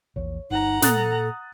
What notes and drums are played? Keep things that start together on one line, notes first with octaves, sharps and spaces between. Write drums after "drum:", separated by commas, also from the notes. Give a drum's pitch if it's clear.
A#1 E2 A#2 C#5
G1 D#4 F#5 A#5
A#2 A4 D#6 F#6 A6, drum: snare